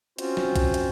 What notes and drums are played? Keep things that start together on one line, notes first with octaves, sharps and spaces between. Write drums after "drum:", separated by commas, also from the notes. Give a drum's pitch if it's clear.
C4 C#4 F4 F#4 C5, drum: hi-hat
drum: snare
drum: kick B1, hi-hat
drum: hi-hat